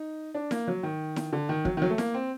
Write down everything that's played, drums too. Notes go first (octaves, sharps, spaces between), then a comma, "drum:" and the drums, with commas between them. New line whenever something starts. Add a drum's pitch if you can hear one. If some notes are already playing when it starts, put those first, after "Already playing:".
Already playing: D#4
D4
A#3, drum: snare E4
F#3
D#3
drum: snare E4
D3
D#3
F#3, drum: kick
D#3
F#3
A3
A#3, drum: snare E4
C4